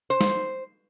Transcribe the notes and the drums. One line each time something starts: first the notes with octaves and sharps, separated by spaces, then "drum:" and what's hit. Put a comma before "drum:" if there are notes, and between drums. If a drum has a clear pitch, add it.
C5
drum: snare